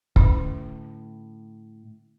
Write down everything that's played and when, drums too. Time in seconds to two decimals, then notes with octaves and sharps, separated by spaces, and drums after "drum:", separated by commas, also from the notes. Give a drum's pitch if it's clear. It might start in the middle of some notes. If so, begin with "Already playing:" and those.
0.16 A2 D3 C#4 C6, drum: kick